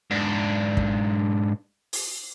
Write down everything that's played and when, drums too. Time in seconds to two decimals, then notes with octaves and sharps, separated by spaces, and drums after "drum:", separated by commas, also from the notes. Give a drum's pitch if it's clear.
0.11 G#2 D4
0.77 drum: kick
1.93 drum: open hi-hat